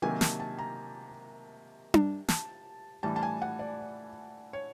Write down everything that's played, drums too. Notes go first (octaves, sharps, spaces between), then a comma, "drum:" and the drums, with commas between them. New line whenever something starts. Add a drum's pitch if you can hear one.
C3 D#3 F#3 A#3 G#5
A5, drum: snare
A5
A#5
drum: tom D4
A5, drum: snare
A2 E3 G3 A5
A5
G#5
F#5
D5
C#5